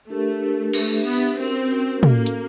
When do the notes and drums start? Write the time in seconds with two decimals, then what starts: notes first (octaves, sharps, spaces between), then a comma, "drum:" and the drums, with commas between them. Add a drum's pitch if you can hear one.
0.10 A3 D4 G4 A#4
0.42 D4 G4 A#4
0.73 A3 D4 G4 B4 E5, drum: cymbal
1.06 B3 D4 G4 B4 E5
1.39 C4 C#4 F#4 A#4
1.71 C#4 F#4 A#4
2.03 A#3 C#4 F#4 A4, drum: tom
2.26 drum: hi-hat